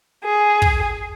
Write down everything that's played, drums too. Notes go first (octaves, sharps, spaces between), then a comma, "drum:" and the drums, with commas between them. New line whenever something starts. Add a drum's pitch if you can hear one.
G#4
drum: kick